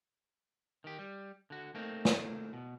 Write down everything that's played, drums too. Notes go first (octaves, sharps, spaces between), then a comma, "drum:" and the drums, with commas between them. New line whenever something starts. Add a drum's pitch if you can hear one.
D#3 G4
G3
D3 F#4
A3 A#3 C4 D#4
drum: snare
B2